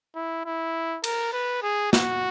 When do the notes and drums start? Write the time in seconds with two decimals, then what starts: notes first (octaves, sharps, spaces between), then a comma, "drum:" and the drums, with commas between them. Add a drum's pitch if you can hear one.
0.15 E4
0.45 E4
1.04 A#4, drum: cymbal
1.33 B4
1.62 G#4
1.93 F#4, drum: snare